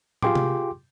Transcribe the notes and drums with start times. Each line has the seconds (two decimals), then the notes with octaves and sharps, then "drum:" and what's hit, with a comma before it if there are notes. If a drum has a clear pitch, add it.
0.22 F4 G4 G#4 G5 C6 D6, drum: tom
0.35 drum: tom C3